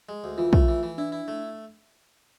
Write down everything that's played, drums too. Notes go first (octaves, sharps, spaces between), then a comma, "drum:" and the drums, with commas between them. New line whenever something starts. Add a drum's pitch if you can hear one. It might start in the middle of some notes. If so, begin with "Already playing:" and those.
G#3
D2
E3 F4
A3, drum: kick
E3
E3
D4 E4
E4
A3